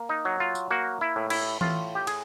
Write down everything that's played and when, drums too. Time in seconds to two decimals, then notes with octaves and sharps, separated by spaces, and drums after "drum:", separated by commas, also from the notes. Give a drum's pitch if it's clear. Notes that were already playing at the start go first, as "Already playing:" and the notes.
Already playing: A#3
0.09 D#4
0.25 F#3
0.40 F4
0.55 drum: tambourine
0.71 A#3 F#4
1.01 E4
1.16 A2
1.30 E4, drum: cymbal
1.61 A2 F4, drum: tom E3
1.95 G4
2.07 G#4, drum: cymbal